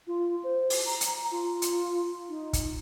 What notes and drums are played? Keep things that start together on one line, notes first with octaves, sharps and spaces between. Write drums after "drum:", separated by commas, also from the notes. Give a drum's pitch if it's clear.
F4
C5
drum: open hi-hat
A#5
drum: hi-hat
F4
drum: hi-hat
D#4
drum: kick, hi-hat